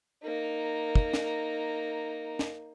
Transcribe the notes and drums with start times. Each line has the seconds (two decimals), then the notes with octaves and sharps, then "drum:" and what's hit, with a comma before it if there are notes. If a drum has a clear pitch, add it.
0.24 A#3 D#4
0.95 drum: kick
1.13 drum: snare
2.39 drum: snare